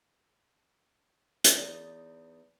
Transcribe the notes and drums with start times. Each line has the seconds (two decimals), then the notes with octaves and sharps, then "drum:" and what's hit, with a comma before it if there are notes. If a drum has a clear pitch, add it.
1.44 E2 D#4 D5, drum: hi-hat